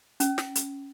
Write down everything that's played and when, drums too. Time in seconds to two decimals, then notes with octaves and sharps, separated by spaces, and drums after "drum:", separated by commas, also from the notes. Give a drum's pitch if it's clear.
0.20 C#4, drum: hi-hat
0.38 drum: snare
0.55 drum: hi-hat